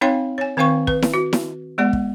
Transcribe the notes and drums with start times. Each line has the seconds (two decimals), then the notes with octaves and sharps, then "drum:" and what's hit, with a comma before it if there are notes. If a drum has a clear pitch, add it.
0.01 C4 D#4 C#5 F5 G5 C6
0.38 C#5 G#5
0.57 D#3 C4 C5 F5 G5 C#6
0.87 B4, drum: kick
1.02 drum: snare E4
1.14 F#4
1.33 drum: snare E4
1.78 G#3 B3 D5 F#5
1.93 drum: kick